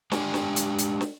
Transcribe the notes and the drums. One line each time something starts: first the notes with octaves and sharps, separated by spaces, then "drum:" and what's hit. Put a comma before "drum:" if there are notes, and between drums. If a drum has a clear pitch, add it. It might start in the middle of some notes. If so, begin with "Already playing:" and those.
G#3 D4 G4 D5 G5 G#5, drum: snare
drum: snare
drum: hi-hat
drum: hi-hat
drum: snare